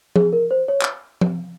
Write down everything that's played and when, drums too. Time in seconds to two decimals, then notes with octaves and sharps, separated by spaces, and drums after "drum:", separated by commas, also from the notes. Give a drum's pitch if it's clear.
0.16 G#4, drum: tom F3
0.33 A#4
0.51 C5
0.68 C#5
0.82 drum: clap
1.21 drum: tom F3